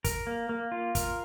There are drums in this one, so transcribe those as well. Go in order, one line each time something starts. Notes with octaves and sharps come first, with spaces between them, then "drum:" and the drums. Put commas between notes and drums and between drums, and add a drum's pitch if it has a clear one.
A#4, drum: kick, hi-hat
A#3
A#3
F4
A#4, drum: kick, hi-hat